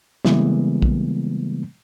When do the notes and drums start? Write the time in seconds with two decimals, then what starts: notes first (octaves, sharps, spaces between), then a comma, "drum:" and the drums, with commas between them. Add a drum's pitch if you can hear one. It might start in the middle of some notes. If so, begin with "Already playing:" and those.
0.25 C#3 E3 G3 G#3 A#3 B3, drum: snare
0.82 drum: kick A#1